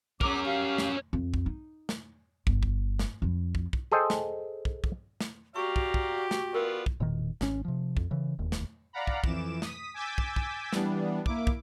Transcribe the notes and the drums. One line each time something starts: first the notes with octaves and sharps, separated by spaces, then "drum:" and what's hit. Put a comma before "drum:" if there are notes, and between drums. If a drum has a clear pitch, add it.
E2 F#3 C#4 A#4 D6, drum: kick
G4 F5
drum: snare
F2
drum: kick
D#4
drum: snare
G1, drum: kick
drum: kick
drum: snare
F2 F3
drum: kick
drum: kick
G#4 A4 C5 D#5 G5
drum: snare
drum: kick
drum: kick
drum: snare
F#4 G4 D5 F5 A#5 C#6
drum: kick
drum: kick
drum: snare
B3 F4 A#4 D5
drum: kick
E1 A#2 D#3
G#1 C#4, drum: snare
C3 F3
F2, drum: kick
C#3 E3
E1 D#2
drum: snare
D5 F5 F#5 A#5 B5
drum: kick
F2 E3 D6 E7, drum: kick
D#6 B6, drum: snare
G#5 D6 E6 G6 A6 B6
drum: kick
drum: kick
E3 G3 B3 D4, drum: snare
A#3 E4 D6, drum: kick
drum: kick